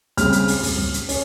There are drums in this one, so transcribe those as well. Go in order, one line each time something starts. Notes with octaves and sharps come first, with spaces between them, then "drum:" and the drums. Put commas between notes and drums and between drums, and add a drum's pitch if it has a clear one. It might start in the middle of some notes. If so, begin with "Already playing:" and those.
C#3 G3 C4 F6, drum: kick, hi-hat
drum: hi-hat
drum: open hi-hat
drum: kick, open hi-hat
drum: kick
drum: hi-hat
C#4, drum: open hi-hat